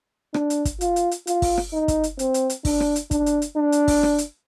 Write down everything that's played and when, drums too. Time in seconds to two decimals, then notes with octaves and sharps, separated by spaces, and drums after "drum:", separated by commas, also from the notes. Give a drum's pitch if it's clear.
0.34 D4, drum: rim click
0.50 drum: hi-hat
0.65 drum: kick, hi-hat
0.81 F4, drum: hi-hat
0.96 drum: hi-hat
1.11 drum: hi-hat
1.27 F4, drum: hi-hat
1.42 drum: kick, open hi-hat
1.57 drum: rim click
1.73 D#4
1.88 drum: kick, hi-hat
2.04 drum: hi-hat
2.19 C4, drum: hi-hat
2.34 drum: hi-hat
2.50 drum: hi-hat
2.65 D4, drum: kick, open hi-hat
2.80 drum: rim click
2.96 drum: hi-hat
3.11 D4, drum: kick, hi-hat
3.26 drum: hi-hat
3.42 drum: hi-hat
3.57 D4
3.72 drum: hi-hat
3.88 drum: kick, open hi-hat
4.03 drum: rim click
4.18 drum: hi-hat